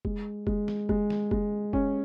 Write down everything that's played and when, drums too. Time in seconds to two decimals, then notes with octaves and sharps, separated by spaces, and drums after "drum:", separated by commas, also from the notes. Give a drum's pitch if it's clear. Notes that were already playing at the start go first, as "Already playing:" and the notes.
0.05 G#3, drum: kick F1
0.47 G#3, drum: kick F1
0.68 drum: snare
0.89 G#3, drum: kick F1
1.10 drum: snare
1.31 G#3, drum: kick F1
1.73 C#4, drum: kick F1